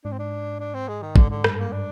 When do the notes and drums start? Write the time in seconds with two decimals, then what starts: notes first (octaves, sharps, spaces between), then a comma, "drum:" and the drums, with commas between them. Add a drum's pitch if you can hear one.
0.05 G#2 D4
0.12 C4
0.20 D4
0.60 D4
0.75 C4
0.88 G#3
1.02 D#3
1.16 G#2 D3, drum: kick
1.30 D3
1.44 G2, drum: rim click
1.58 A#3
1.72 D4